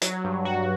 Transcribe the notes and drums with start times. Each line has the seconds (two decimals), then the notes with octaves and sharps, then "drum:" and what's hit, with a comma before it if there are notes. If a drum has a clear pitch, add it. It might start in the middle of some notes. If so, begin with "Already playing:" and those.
0.02 F#3, drum: hi-hat
0.24 G2
0.45 F#4